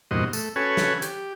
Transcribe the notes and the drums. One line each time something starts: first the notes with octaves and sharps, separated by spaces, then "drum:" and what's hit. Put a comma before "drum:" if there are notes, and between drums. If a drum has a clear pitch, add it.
E2 G2 A#2 F#4 C5 D#5
A3, drum: tambourine
C#4 F#4 A4 B4 C#5 G#5
drum: snare
G4, drum: hi-hat